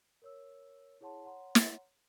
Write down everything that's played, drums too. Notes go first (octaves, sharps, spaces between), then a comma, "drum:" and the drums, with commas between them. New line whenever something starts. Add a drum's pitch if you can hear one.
A#4 C#5 E6
E4 G#4 C#5 F#5 A5 C6
C#5 F#5 A#5 C6
drum: snare